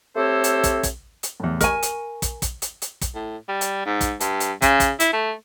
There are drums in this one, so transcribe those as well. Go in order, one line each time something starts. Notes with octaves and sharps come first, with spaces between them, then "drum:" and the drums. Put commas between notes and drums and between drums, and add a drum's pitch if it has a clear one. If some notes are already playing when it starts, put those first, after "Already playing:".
A3 C4 G4 A4 C5 C#5
drum: hi-hat
drum: kick, hi-hat
drum: kick, hi-hat
drum: hi-hat
E2 A2
A#4 D#5 G#5 C#6, drum: kick, hi-hat
drum: hi-hat
drum: kick, hi-hat
drum: kick, hi-hat
drum: hi-hat
drum: hi-hat
drum: kick, hi-hat
A2
G3
drum: hi-hat
G#2
drum: kick, hi-hat
G2, drum: hi-hat
drum: hi-hat
C#3, drum: kick, hi-hat
drum: kick, hi-hat
E4, drum: hi-hat
A3